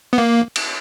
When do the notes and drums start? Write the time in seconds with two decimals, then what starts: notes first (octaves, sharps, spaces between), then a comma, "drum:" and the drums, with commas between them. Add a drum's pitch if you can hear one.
0.13 B3
0.18 A#3
0.56 drum: cymbal